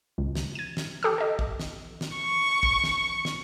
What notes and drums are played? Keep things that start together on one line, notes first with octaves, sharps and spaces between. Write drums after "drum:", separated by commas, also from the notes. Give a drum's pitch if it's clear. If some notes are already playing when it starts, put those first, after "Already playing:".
C#2
drum: snare
G#6 D#7
drum: snare
G4 A4 D#6 E6
A4 D#5
drum: kick
drum: snare
drum: snare
C#6
drum: kick
drum: snare
drum: snare